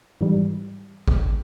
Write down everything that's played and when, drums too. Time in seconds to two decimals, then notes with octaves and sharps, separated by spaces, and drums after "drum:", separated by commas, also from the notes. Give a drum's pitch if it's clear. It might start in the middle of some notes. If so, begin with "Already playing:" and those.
0.21 G#2 E3 G3
1.08 drum: kick G#1